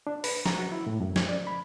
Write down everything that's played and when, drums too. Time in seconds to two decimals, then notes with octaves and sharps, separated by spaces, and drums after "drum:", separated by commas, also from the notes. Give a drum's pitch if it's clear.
0.07 D4
0.24 B4, drum: open hi-hat
0.46 A#5, drum: snare
0.58 F#4
0.72 E4
0.87 A2
1.00 F#2
1.16 G#6, drum: snare
1.29 D5
1.47 B5